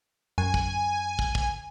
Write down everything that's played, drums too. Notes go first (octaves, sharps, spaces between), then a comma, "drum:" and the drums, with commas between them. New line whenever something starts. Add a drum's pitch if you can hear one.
F#2 G#5
drum: kick
drum: kick
drum: kick